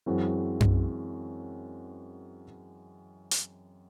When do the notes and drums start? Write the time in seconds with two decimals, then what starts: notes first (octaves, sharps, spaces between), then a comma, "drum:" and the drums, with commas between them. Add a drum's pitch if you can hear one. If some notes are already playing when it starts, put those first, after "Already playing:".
0.06 F#2 E3 G#3 C4 F#4
0.61 drum: tom F#2
3.31 drum: hi-hat